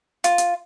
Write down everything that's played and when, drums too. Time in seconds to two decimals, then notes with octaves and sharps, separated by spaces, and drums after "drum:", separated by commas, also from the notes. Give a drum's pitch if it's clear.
0.24 F4, drum: hi-hat
0.38 drum: hi-hat